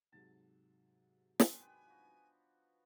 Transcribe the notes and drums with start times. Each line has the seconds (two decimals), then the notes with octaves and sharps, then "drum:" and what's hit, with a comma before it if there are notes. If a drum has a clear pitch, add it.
0.12 G#2 C3 F#3 A5
1.40 D#3 B3 C4 G#5, drum: snare
1.60 D4 B4 G5
1.86 F3 F#4